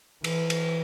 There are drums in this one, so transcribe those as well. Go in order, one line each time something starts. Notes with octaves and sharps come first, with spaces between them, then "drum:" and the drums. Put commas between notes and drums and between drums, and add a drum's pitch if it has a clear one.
E3, drum: cymbal
drum: cymbal